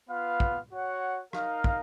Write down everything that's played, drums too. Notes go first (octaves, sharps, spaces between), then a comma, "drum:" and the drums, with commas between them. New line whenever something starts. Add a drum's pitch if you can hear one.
B3 F4 B4 F5
drum: kick
F#4 C#5 F#5
D#4 A#4 F5, drum: rim click
drum: kick